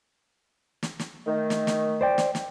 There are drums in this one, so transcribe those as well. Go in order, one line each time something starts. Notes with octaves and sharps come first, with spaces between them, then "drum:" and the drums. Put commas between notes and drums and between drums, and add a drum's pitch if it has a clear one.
drum: snare
drum: snare
D#3 A3
drum: snare
drum: snare
C5 D5 G5
drum: snare
drum: snare